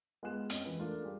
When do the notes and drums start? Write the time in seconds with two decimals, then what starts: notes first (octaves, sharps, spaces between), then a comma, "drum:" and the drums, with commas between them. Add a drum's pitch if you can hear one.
0.23 G#3 B3 F4 G#5 F#6 E7
0.50 C4 C#4 D#5, drum: hi-hat
0.65 E3 G#3 F4 B4
0.79 A3 A#3 D4 F4
1.03 G3 G4 G#4